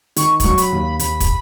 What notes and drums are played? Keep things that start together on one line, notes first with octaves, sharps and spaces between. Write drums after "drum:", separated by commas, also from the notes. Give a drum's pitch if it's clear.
D#3 C#6, drum: hi-hat
F#3 C#6, drum: kick, hi-hat
B5, drum: hi-hat
D#2
D#2 B5, drum: hi-hat
drum: kick, hi-hat